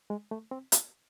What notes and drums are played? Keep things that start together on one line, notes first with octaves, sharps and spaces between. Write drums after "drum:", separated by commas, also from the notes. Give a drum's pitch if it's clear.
G#3
A3
C4
drum: hi-hat